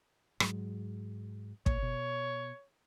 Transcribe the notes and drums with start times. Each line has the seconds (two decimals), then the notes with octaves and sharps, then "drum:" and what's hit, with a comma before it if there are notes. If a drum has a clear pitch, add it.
0.40 G#2 F#3 G#3, drum: rim click
1.66 A#2 C#5, drum: kick
1.83 B2